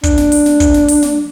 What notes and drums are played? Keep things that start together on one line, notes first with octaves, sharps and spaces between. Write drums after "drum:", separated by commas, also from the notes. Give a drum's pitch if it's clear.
D4, drum: kick, hi-hat
drum: snare
drum: open hi-hat
drum: snare
drum: kick, hi-hat
drum: snare
drum: open hi-hat
drum: snare